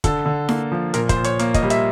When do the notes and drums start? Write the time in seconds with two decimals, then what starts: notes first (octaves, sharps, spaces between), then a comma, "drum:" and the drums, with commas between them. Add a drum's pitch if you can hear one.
0.04 D3 A4, drum: kick, hi-hat
0.26 D3
0.49 A#3, drum: snare E4
0.72 F3
0.94 A#2 A#4, drum: hi-hat
1.09 C5, drum: kick, hi-hat
1.16 A#2
1.24 C#5, drum: hi-hat
1.39 A#3, drum: hi-hat
1.54 D#5, drum: kick, hi-hat
1.63 G3
1.70 E5, drum: hi-hat